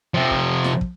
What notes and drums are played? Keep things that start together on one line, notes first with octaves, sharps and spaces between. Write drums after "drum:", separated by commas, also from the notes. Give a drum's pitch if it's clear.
C3 F3
drum: kick
drum: snare
drum: kick